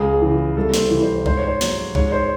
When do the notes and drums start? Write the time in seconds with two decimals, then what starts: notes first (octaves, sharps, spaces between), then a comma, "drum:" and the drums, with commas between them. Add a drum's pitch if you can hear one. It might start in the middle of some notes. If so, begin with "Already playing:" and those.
Already playing: C#2 G#4
0.22 C#3 E3
0.57 C2 A4
0.74 C5, drum: snare
0.79 A4
0.91 C3 E3
1.03 C5
1.26 G#2 C5, drum: kick A#1
1.37 C#5
1.47 C5
1.61 F#3, drum: snare
1.95 G#2 C#5, drum: kick A#1
2.12 C5